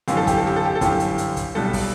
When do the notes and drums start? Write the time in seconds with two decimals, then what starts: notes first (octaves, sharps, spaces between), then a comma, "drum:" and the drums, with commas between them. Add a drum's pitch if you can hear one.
0.08 G1 F#2 E3 G4, drum: hi-hat
0.17 A4
0.27 G4, drum: kick, hi-hat
0.37 A4
0.47 G4, drum: snare C4
0.56 A4
0.66 G4
0.75 A4
0.81 G1 F#2 E3 G4, drum: kick, hi-hat
1.00 drum: hi-hat
1.18 drum: hi-hat
1.36 drum: kick, hi-hat
1.55 B1 B2 G3 A4, drum: snare C4
1.73 drum: kick, open hi-hat